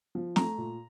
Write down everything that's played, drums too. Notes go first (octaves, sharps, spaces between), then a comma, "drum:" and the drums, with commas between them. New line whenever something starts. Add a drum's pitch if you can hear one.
F3
A3 A#5, drum: snare
A#2